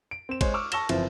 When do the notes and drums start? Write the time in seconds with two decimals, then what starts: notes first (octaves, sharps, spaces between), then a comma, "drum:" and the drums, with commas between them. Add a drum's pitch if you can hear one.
0.11 D7
0.29 C4 E7
0.41 G#3 C5 C#5, drum: kick, cymbal
0.54 C#6 D6 E6 F6
0.72 A5 C#6 E6 A#6 E7 G7, drum: cymbal
0.89 F#1 E3 F3 C4 E5, drum: cymbal